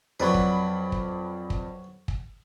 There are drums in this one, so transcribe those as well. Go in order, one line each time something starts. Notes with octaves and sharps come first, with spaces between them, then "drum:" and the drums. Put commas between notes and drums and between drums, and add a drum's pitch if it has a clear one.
F2 F#3 B4 D5 B5
drum: kick
drum: kick
drum: kick
drum: kick